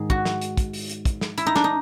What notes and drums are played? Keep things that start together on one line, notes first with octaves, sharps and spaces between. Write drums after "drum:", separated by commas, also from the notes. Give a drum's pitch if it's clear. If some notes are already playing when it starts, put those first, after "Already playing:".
Already playing: G#2 D#3 G#4
F#4, drum: kick
drum: snare
drum: hi-hat
drum: kick, hi-hat
drum: open hi-hat
drum: hi-hat
drum: kick, hi-hat
drum: snare
E4, drum: hi-hat
D#4
D4, drum: snare
D#4